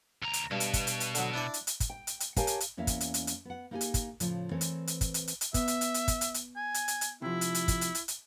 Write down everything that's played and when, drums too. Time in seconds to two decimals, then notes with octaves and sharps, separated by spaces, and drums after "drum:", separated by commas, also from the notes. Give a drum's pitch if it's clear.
0.23 D2 A#5
0.33 drum: hi-hat
0.51 G2 B2
0.60 drum: hi-hat
0.73 drum: kick, hi-hat
0.87 drum: hi-hat
1.00 drum: hi-hat
1.15 D3 F#3, drum: hi-hat
1.34 D4 E4 D5
1.54 drum: hi-hat
1.67 drum: hi-hat
1.80 drum: kick, hi-hat
1.90 G5
2.07 drum: hi-hat
2.20 drum: hi-hat
2.36 G4 A#4 C#5 F5 G#5 A5, drum: kick, hi-hat
2.47 drum: hi-hat
2.60 drum: hi-hat
2.77 E2 A#3 C#4 E4 E5
2.87 drum: kick, hi-hat
3.01 drum: hi-hat
3.14 drum: hi-hat
3.27 drum: hi-hat
3.45 B3 F#5
3.71 A#3 D#4 E4 G4 G#4 G#5
3.81 drum: hi-hat
3.94 drum: kick, hi-hat
4.20 A2 C#3 F3, drum: hi-hat
4.51 E3 A3 C4 A#4 C#5
4.61 drum: hi-hat
4.87 drum: hi-hat
5.01 drum: kick, hi-hat
5.14 drum: hi-hat
5.28 drum: hi-hat
5.41 drum: hi-hat
5.54 B3 E5, drum: kick, hi-hat
5.68 drum: hi-hat
5.81 drum: hi-hat
5.94 drum: hi-hat
6.08 drum: kick, hi-hat
6.21 drum: hi-hat
6.34 drum: hi-hat
6.57 G#5
6.74 drum: hi-hat
6.88 drum: hi-hat
7.01 drum: hi-hat
7.22 C3 F3 E4
7.41 drum: hi-hat
7.55 drum: hi-hat
7.68 drum: kick, hi-hat
7.81 drum: hi-hat
7.95 drum: hi-hat
8.08 drum: hi-hat